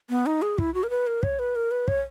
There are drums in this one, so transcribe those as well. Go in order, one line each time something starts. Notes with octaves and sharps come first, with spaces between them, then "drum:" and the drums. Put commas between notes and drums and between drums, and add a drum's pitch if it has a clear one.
B3
D#4
G#4
E4, drum: kick
F#4
A#4
B4
A#4
C#5, drum: kick
B4
A#4
B4
C#5, drum: kick